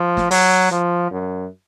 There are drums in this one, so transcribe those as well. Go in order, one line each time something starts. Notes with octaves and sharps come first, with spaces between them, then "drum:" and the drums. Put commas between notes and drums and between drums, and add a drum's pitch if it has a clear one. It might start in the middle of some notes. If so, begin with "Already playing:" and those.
Already playing: F3
drum: snare
F#3, drum: open hi-hat
F3
F#2